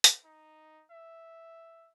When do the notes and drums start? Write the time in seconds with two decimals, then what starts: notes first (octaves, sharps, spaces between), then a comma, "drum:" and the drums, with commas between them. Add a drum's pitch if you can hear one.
0.04 drum: hi-hat
0.25 D#4
0.91 E5